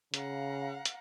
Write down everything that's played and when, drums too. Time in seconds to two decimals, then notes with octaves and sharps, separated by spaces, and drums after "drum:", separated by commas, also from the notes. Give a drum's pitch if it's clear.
0.14 C#3 F5 F#5 A#5, drum: hi-hat
0.85 drum: hi-hat